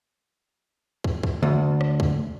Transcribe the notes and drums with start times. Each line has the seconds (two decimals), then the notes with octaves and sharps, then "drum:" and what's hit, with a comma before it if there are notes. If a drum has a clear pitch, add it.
1.04 drum: kick
1.23 drum: kick
1.43 D2
1.81 drum: rim click
2.00 drum: kick